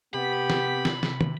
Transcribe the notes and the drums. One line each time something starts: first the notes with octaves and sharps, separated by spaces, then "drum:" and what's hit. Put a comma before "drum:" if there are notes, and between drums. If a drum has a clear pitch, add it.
C3 B3 G4 B5
drum: snare
drum: snare
drum: snare
drum: tom